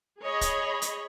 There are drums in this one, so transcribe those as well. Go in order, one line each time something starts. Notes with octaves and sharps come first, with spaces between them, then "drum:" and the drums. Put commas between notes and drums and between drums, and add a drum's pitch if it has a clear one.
G#4 C#5 D#5 B5
drum: kick, hi-hat
drum: hi-hat